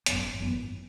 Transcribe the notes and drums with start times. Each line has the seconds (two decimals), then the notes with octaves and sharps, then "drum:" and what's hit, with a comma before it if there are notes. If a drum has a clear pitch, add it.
0.06 G#1 F#2 E3 B3, drum: hi-hat
0.39 G#1 F#2 E3 B3